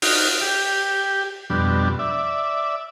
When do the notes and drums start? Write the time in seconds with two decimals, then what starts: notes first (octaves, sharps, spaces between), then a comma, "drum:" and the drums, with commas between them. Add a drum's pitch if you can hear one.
0.02 D#4 F4 F#4, drum: open hi-hat
0.42 G4
1.50 F2 B2 G3 D4
1.99 D5 E5